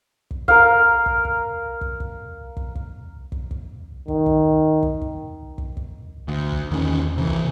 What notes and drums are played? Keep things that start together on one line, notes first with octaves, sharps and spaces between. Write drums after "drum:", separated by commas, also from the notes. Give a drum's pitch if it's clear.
drum: kick
A#4 F5, drum: kick
drum: kick
drum: kick
drum: kick
drum: kick
drum: kick
drum: kick
drum: kick
drum: kick
D#3, drum: kick
drum: kick
drum: kick
drum: kick
drum: kick
drum: kick
D2
drum: kick
E2 D#3 B3 C#4
C3 E3
drum: kick